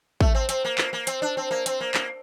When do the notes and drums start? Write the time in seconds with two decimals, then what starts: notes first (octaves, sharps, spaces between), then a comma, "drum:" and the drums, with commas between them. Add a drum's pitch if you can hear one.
0.21 A3, drum: kick
0.35 C4
0.49 C4, drum: hi-hat
0.65 A#3
0.78 A#3, drum: clap
0.93 A#3
1.07 C4, drum: hi-hat
1.22 D4
1.37 C4
1.51 A#3
1.66 C4, drum: hi-hat
1.81 A#3
1.94 A#3, drum: clap